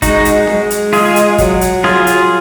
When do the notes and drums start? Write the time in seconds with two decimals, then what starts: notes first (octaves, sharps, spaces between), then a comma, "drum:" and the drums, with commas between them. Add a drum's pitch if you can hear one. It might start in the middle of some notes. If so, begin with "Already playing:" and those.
0.02 G#3 D#4 F#4, drum: kick, hi-hat
0.25 drum: hi-hat
0.47 G#3, drum: snare C4
0.70 drum: hi-hat
0.93 F4 G#4, drum: open hi-hat
1.16 drum: hi-hat
1.38 F#3, drum: kick, hi-hat
1.61 drum: hi-hat
1.84 F4 G#4, drum: snare C4
2.07 drum: hi-hat